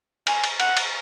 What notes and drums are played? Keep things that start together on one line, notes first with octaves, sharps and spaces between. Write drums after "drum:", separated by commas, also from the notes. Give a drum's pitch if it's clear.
G#5, drum: cymbal
drum: cymbal
F#5, drum: cymbal
drum: cymbal